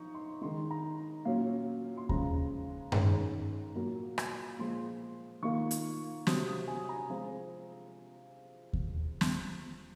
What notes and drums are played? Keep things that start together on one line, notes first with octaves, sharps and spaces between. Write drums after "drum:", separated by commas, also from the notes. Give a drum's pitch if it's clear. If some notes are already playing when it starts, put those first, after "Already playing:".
Already playing: F3 D#4 C#6
C6
D#3 G#3 D#4 C6
A#5
A#2 F#3 C#4 F5
C6
C#3 F3 G#3 A#5, drum: kick D#2
D#3 G#3 C#4 A#5, drum: tom G2
A#2 F#3 A#3
drum: rim click
A#2 F3 G#3 C6
D#3 A#3 F4 C#6
drum: hi-hat
C3 F#3 C4 D#6, drum: snare
D#6
G#5
A#5
F3 G#3 C4 F4
drum: kick D#2
drum: snare